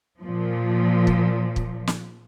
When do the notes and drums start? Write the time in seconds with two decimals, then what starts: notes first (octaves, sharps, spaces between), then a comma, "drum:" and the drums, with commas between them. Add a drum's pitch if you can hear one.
0.22 A#2 F3
1.07 drum: kick
1.56 drum: kick
1.87 drum: snare